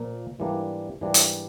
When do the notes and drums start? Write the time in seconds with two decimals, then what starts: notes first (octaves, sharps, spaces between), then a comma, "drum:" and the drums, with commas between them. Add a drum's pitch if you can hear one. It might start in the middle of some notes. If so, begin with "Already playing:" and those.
Already playing: A#2 F3 A#3
0.39 G#2 E3 G3 A#3 D4
1.01 G#2 E3 G3 A#3 D4
1.14 drum: hi-hat